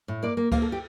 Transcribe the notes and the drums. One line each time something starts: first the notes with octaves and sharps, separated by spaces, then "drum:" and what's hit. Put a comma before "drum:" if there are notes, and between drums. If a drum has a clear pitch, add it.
A2
A#3 D5
A#3
A#3 F5, drum: kick C#2, cymbal
A4
G4